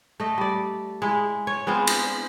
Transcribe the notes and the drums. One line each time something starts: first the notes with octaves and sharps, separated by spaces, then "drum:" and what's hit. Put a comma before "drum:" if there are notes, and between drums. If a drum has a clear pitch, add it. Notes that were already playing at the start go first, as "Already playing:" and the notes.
A3 D#5
G3 D5
G#3 E4
C#5
G#3 B3 C4 F4
drum: cymbal